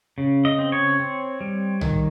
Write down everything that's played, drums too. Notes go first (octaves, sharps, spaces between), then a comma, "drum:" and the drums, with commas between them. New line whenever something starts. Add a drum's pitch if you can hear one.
C#3
D#5
C4
C#5
C4
G3
D#3, drum: tom